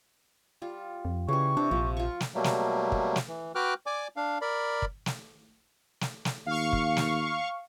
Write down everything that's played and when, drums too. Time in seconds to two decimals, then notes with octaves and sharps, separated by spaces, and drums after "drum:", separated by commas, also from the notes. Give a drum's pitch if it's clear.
0.62 G3 F4
1.05 F2
1.29 C#3 E3 G3 C#6
1.57 C3 D4
1.71 A#1 F3
1.97 F4 C#6
2.20 drum: snare
2.35 B2 F#3 G3 A3 A#3
2.44 drum: snare
2.92 drum: kick
3.16 drum: snare
3.28 E3
3.55 F#4 B4 G5 D6 F6 F#6
3.86 D5 G#5 D6
4.16 D4 F5
4.42 A#4 D5 B5
4.82 drum: kick
5.06 drum: snare
6.01 drum: snare
6.25 drum: snare
6.46 D#2 F5 C#6
6.73 drum: kick
6.97 drum: snare